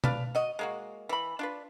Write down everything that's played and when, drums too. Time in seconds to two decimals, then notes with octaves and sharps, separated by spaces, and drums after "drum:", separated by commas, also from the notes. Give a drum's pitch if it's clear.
0.04 D4 B4 D5 F5, drum: tom B2
0.35 F#4 D#5
0.59 G#3 A#3 F#4
1.09 E3 B5
1.39 D4 F4 B4